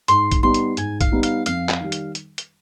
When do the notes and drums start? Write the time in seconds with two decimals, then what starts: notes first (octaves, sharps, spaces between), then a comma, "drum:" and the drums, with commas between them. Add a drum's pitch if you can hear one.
0.08 G#2 C6, drum: hi-hat
0.31 drum: kick A#1, hi-hat
0.43 G3 B3 D#4 C6
0.54 drum: hi-hat
0.77 G#2 G#5, drum: hi-hat
1.01 F5, drum: kick A#1, hi-hat
1.12 G3 B3 D#4
1.23 F5, drum: hi-hat
1.46 F2 F5, drum: hi-hat
1.69 drum: clap
1.81 D#3 G3
1.92 drum: hi-hat
2.15 drum: hi-hat
2.38 drum: hi-hat